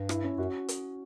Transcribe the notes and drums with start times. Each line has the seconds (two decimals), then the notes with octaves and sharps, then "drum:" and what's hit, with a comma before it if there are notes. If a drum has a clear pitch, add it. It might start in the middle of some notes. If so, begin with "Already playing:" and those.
Already playing: G2
0.09 E4, drum: rim click
0.24 C#4
0.38 F#2 F#4
0.68 drum: hi-hat